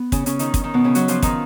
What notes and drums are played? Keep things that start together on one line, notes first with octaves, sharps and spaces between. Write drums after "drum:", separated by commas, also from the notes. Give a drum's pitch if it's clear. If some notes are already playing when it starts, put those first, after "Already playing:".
Already playing: B3
C#3 C#4, drum: kick, hi-hat
C#3 C#4, drum: hi-hat
D#3 D#4, drum: hi-hat
drum: kick, hi-hat
D#3 D#4
B2 B3
C#3 C#4
F#3 F#4, drum: hi-hat
F3 F4, drum: hi-hat
D#3 D#4, drum: kick, hi-hat